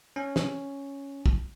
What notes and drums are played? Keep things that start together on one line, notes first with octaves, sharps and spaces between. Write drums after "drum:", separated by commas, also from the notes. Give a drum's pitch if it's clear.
C#4
drum: snare
drum: kick